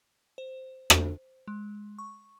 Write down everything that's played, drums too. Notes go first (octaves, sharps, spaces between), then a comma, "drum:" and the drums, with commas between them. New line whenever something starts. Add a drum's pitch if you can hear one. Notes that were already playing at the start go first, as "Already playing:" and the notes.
C5
drum: rim click
G#3
C#6